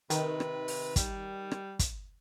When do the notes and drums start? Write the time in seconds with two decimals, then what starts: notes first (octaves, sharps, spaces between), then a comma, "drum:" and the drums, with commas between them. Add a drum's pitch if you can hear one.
0.10 C3 D#3 B4, drum: hi-hat
0.40 drum: rim click
0.68 drum: open hi-hat
0.96 G3, drum: kick, hi-hat
1.52 drum: rim click
1.79 drum: kick, hi-hat